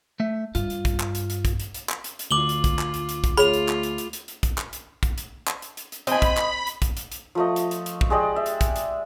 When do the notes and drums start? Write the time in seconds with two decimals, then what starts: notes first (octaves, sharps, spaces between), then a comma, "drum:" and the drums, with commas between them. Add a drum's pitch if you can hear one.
0.20 A3 E5
0.55 G2 F4, drum: hi-hat
0.70 drum: hi-hat
0.85 drum: kick, hi-hat
1.00 drum: clap
1.15 drum: hi-hat
1.30 drum: hi-hat
1.45 drum: kick, hi-hat
1.60 drum: hi-hat
1.74 drum: hi-hat
1.89 drum: clap
2.04 drum: hi-hat
2.19 drum: hi-hat
2.31 D2 F4 D6 F#7 G7
2.49 drum: hi-hat
2.64 drum: kick, hi-hat
2.79 drum: clap
2.94 drum: hi-hat
3.09 drum: hi-hat
3.24 drum: kick, hi-hat
3.37 A3 F4 G#4 C#5 B5 F7, drum: hi-hat
3.53 drum: hi-hat
3.68 drum: clap
3.83 drum: hi-hat
3.98 drum: hi-hat
4.13 drum: hi-hat
4.28 drum: hi-hat
4.43 drum: kick, hi-hat
4.58 drum: clap
4.73 drum: hi-hat
5.03 drum: kick, hi-hat
5.18 drum: hi-hat
5.47 drum: clap
5.62 drum: hi-hat
5.77 drum: hi-hat
5.92 drum: hi-hat
6.07 C4 D#5 G#5 B5, drum: hi-hat
6.22 drum: kick, hi-hat
6.37 drum: clap
6.67 drum: hi-hat
6.82 drum: kick, hi-hat
6.97 drum: hi-hat
7.12 drum: hi-hat
7.35 F3 A3 D#5
7.56 drum: hi-hat
7.71 drum: hi-hat
7.86 drum: hi-hat
8.01 drum: kick
8.10 G#3 G4 D5 D#5
8.36 E5
8.46 drum: hi-hat
8.61 drum: kick, hi-hat
8.76 drum: hi-hat